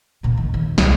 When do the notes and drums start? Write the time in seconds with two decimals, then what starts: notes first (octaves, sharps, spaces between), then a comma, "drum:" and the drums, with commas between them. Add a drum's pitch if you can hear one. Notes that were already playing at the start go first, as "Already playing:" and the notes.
0.23 A#2 C#3
0.37 D#3
0.54 D#2
0.78 C2 A3, drum: snare